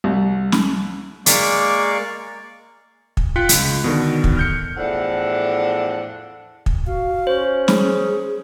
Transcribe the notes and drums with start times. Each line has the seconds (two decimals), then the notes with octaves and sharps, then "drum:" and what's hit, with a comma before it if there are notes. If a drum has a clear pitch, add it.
0.04 C2
0.52 drum: snare
1.26 G#3 A#3 D5 F5 C#6 D6, drum: hi-hat
3.17 drum: kick
3.36 F4 G5 F#6 B6 C#7
3.49 C#2, drum: hi-hat
3.84 B2 D3 D#3
4.24 drum: kick
4.37 F6 G6 C#7
4.77 E2 A2 F3 D4 A4 F#5
6.66 drum: kick
6.87 F#4 F5
7.27 C#4 C5
7.68 G#4, drum: snare